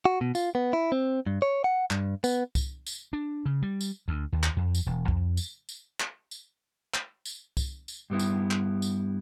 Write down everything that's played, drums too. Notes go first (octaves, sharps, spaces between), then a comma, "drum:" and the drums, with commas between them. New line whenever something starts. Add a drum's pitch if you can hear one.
F#4
B2
F4, drum: tambourine
B3
E4
C4
G2
C#5
F#5
G2, drum: clap
B3, drum: tambourine
drum: kick C2, tambourine
drum: tambourine
D4
C#3
G3
drum: tambourine
D2
D#2
drum: clap
F2
drum: tambourine
E1
F2, drum: kick C2
drum: tambourine
drum: tambourine
drum: clap
drum: tambourine
drum: clap
drum: tambourine
drum: kick C2, tambourine
drum: tambourine
G2 G3 B3 E4
drum: tambourine
drum: clap
drum: tambourine